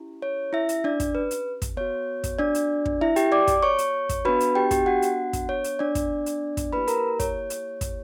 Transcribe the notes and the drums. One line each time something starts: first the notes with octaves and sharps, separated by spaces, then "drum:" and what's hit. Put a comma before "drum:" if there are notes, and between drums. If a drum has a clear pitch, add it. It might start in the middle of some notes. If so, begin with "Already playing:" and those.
Already playing: C#4 E4 G4
C#5
E4 E5
drum: hi-hat
D4 D5
drum: kick, hi-hat
B4
drum: hi-hat
drum: kick, hi-hat
B3 F#4 C#5
drum: kick, hi-hat
D4 D5
drum: hi-hat
drum: kick
E4 E5
G4 G5, drum: hi-hat
D5 D6
drum: kick, hi-hat
C#5 C#6
drum: hi-hat
drum: kick, hi-hat
B3 D4 F#4 B4 B5
drum: hi-hat
G4 G5
G4 G5, drum: kick, hi-hat
F#4 F#5
drum: hi-hat
drum: kick, hi-hat
C#5
drum: hi-hat
D4 D5
drum: kick, hi-hat
drum: hi-hat
drum: kick, hi-hat
A#3 E4 G4 B4 B5
A#4 A#5, drum: hi-hat
C#5, drum: kick, hi-hat
drum: hi-hat
drum: kick, hi-hat